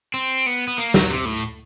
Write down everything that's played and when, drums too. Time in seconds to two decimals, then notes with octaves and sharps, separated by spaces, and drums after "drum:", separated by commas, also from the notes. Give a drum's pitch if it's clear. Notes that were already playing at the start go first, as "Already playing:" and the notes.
0.14 C4
0.46 B3
0.68 B3
0.78 A#3
0.94 F#3, drum: snare
1.10 C3
1.25 A2